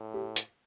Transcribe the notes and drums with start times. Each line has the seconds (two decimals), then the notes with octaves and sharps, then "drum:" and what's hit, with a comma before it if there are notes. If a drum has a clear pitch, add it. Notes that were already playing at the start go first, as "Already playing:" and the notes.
Already playing: A2
0.14 G4
0.36 drum: hi-hat